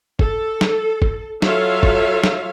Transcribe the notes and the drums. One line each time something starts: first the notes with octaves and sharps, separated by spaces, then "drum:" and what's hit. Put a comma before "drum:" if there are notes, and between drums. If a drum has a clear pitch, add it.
A4, drum: kick
drum: snare
drum: kick
F#3 F4 A4 C#5 E5 F5, drum: snare
drum: kick
drum: snare